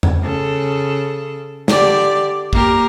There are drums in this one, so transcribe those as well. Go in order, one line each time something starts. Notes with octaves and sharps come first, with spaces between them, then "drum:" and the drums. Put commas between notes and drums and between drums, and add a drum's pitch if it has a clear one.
drum: tom E2
C#3 A4
D3 G4 D5, drum: snare
A#3 G4 A#4, drum: kick